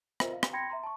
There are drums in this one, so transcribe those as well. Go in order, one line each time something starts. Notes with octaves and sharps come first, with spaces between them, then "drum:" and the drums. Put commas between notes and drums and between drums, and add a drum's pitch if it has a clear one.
F4 A#4 C5 D#5 E5, drum: rim click
F5
drum: rim click
G5 B5 C6 G#6 A#6 C#7
E5 A#5 C6
A5 C#6